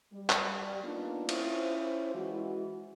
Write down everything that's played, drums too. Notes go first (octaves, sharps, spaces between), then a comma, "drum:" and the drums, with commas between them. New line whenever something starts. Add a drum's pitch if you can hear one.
G3
drum: clap
A#3 B3 D4 D#4 F4
C#4 E4 F4 C5, drum: cymbal
E3 G#3 F#4